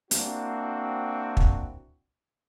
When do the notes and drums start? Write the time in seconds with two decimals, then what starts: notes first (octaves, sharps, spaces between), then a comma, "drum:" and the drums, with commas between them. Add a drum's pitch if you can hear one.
0.11 A#3 C4 D4 E4 F#4, drum: hi-hat
1.37 drum: kick